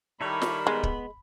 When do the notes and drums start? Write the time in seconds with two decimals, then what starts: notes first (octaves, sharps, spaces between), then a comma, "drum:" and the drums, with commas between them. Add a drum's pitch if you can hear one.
0.21 D#3 G3 E4 A4 C#5 B5
0.42 drum: snare
0.67 G#3 B3
0.83 drum: kick